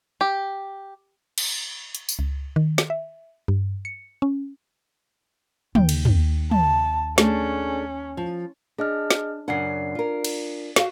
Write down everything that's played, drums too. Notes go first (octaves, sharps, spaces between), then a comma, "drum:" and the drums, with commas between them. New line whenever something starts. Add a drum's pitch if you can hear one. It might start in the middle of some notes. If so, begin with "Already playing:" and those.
G4
drum: cymbal
drum: hi-hat
drum: tambourine
C#2
D#3
drum: snare
E5
G2
C#7
C#4
D#2 G5, drum: tom
drum: cymbal
drum: tom
A5, drum: tom
A3 C#4 D4 G#4, drum: snare
F3
D4 G#4 D#5 F6
drum: snare
F#2 C#3 D4 D5 F#5 C7
F4 A#4
drum: cymbal
F#4 F5, drum: snare